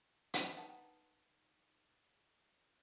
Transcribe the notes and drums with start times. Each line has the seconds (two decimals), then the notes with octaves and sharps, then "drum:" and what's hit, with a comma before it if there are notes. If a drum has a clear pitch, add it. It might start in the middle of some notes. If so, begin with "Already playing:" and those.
0.34 drum: hi-hat
0.57 D#4 B4 F#5 A5